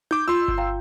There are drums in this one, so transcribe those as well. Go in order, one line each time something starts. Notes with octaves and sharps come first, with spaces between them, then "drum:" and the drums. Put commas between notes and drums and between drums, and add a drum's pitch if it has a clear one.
D6 G6, drum: tom D#4
F4 C6 E6
drum: kick G1
F5 G5 A#5